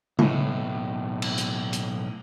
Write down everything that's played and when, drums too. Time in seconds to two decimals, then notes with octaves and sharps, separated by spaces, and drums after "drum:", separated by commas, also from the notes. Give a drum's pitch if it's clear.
0.19 B1 A2, drum: tom C#3
1.22 drum: cymbal
1.38 drum: hi-hat
1.73 drum: hi-hat